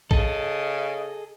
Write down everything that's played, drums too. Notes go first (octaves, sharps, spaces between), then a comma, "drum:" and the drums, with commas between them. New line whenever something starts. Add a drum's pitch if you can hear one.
C#3 G#4 A4 D#5, drum: kick